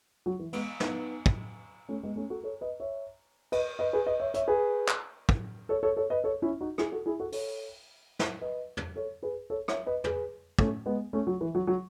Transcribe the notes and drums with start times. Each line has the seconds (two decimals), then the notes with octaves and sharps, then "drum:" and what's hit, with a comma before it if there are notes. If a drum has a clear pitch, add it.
0.26 F#3
0.39 E3
0.53 G#3 B3, drum: cymbal
0.80 B3 D#4, drum: snare
1.26 drum: kick
1.89 A3 C#4
2.03 G#3 B3
2.16 A3 C#4
2.30 F#4 A4
2.43 A4 C#5
2.61 B4 D#5
2.80 C#5 E5
3.52 B4 D#5, drum: cymbal
3.79 B4 D#5
3.93 G#4 B4
4.06 B4 D#5
4.20 C#5 E5
4.34 C#5 E5, drum: hi-hat
4.48 G#4 B4
4.88 drum: clap
5.29 drum: kick
5.69 A4 C#5
5.83 A4 C#5
5.97 A4 C#5
6.10 B4 D#5
6.24 A4 C#5
6.42 C#4 E4
6.61 D#4 F#4
6.78 E4 G#4, drum: rim click
6.92 F#4 A4
7.06 E4 G#4
7.20 F#4 A4
7.32 A4 C#5, drum: open hi-hat
8.19 drum: snare
8.41 B4 D#5
8.77 drum: tom
8.96 A4 C#5
9.23 G#4 B4
9.50 A4 C#5
9.68 C#5 E5, drum: rim click
9.86 B4 D#5
10.04 G#4 B4, drum: tom
10.59 A3 C#4, drum: kick
10.86 G#3 B3
11.13 A3 C#4
11.27 F#3
11.41 E3
11.55 F#3
11.67 F#3